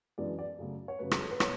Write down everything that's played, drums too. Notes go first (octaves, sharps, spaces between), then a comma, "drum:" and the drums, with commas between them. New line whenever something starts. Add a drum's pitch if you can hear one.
F#2 E3 G#3 D4 D5
D5
F#2 C#3 F#3 A3
C#5
F#2 C#3 F#3 A3 B4
G#4, drum: rim click
A4
B4
B2 C#5, drum: rim click